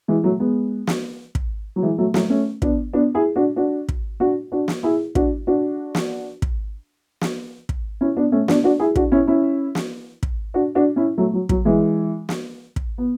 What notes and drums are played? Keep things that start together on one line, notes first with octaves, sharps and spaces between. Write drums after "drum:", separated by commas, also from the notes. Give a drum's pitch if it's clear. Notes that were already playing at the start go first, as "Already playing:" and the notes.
E3 G#3
F#3 A3
G#3 B3
drum: snare
drum: kick
F#3
E3 G#3
F#3 A3
F#3 A3, drum: snare
A3 C#4
B3 D4, drum: kick
B3 D4
E4 G#4
D4 F#4
D4 F#4
drum: kick
D4 F#4
D4 F#4
drum: snare
E4 G#4
D4 F#4, drum: kick
D4 F#4
drum: snare
drum: kick
drum: snare
drum: kick
C#4 E4
B3 D4
A3 C#4
B3 D4, drum: snare
D4 F#4
E4 G#4
D4 F#4, drum: kick
C#4 E4
C#4 E4
drum: snare
drum: kick
D4 F#4
D4 F#4
C#4 E4
F#3 A3
F#3
F#3, drum: kick
E3 G#3
drum: snare
drum: kick
B3